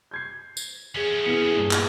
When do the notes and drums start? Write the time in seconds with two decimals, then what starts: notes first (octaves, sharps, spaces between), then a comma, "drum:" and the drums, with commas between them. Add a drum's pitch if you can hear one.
0.11 G6 G#6 C7
0.57 drum: tambourine
0.95 E2 C#4 G#4
1.25 E3 B3 C#7
1.55 G2 A#2
1.71 drum: clap